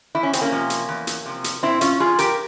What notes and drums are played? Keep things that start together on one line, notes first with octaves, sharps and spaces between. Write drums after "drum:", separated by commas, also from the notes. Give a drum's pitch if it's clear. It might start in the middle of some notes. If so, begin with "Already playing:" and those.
E2 E4
C#4
C4, drum: hi-hat
A#3 C#4
C3 F3
drum: hi-hat
E2
drum: hi-hat
C3 F3
drum: hi-hat
A#2 C4 E4
C#4 F4, drum: hi-hat
F3 F4 G#4
G4 A#4, drum: hi-hat